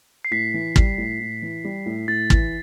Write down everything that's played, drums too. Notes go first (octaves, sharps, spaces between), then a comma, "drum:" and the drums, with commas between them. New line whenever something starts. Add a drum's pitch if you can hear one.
C7
A2 B6
E3
G3, drum: kick
A2
A2
E3
G3
A2
A2 A6
E3, drum: kick